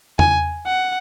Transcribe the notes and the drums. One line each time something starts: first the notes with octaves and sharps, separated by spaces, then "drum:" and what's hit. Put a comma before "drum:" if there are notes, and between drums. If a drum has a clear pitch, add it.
G#5, drum: tom E2
F#5